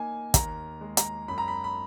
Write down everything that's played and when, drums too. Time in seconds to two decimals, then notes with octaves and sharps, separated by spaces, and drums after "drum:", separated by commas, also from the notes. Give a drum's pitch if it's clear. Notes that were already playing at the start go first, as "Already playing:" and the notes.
Already playing: A#3 D#4 G#5
0.34 D#2 A#5, drum: kick, hi-hat
0.81 G#3
0.97 A#5, drum: hi-hat
1.28 F#2 B5
1.38 A#5
1.48 B5
1.64 B5